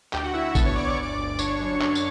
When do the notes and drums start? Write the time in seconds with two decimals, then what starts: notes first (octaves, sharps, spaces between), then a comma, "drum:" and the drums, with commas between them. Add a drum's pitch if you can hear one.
0.13 D2 G4 G5, drum: clap
0.24 F#4 F#5
0.34 D2 E4 E5
0.44 E4 E5
0.55 B3 A4 A5, drum: kick A1, tambourine
0.65 C#5 C#6
0.76 D2 D5 D6
0.87 D6
0.97 G1
1.03 D5 D6
1.18 G1
1.39 D4 C#5 C#6, drum: tambourine
1.60 F#2
1.82 D4, drum: clap
1.95 drum: tambourine